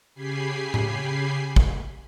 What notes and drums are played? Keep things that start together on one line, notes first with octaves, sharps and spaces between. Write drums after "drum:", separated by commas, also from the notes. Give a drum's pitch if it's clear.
C#3 G4 G#5 B5 C7
drum: tom A2
drum: kick